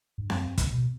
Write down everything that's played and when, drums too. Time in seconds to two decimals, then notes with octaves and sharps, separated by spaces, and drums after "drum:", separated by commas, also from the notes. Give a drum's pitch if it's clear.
0.18 G2
0.30 F#2, drum: snare C4
0.58 drum: kick, hi-hat
0.72 B2